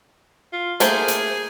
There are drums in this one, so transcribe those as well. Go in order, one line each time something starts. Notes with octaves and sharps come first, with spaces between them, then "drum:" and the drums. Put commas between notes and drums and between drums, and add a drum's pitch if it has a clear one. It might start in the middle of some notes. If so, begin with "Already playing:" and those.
F4
A3 A#3 G#4 C5, drum: hi-hat
drum: hi-hat